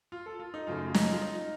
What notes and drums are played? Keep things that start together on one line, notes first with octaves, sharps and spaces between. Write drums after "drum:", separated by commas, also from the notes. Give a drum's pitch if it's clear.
F4
A4
F4
D#4
F#2 C#3 A3 F4
D#4, drum: snare
F4
D#4